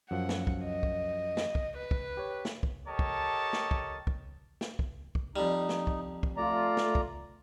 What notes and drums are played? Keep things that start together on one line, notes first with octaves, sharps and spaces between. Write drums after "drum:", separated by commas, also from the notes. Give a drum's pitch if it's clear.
F#2 F3 F#5
drum: snare
drum: kick
D#5
drum: kick
drum: snare
drum: kick
B4
drum: kick
G4 C#5
drum: snare
drum: kick
G4 A4 A#4 C#5 D#5 A5
drum: kick
drum: snare
drum: kick
drum: kick
drum: snare
drum: kick
drum: kick
F2 G3 D#4
drum: snare
drum: kick
drum: kick
A3 F4 D5 A#5
drum: snare
drum: kick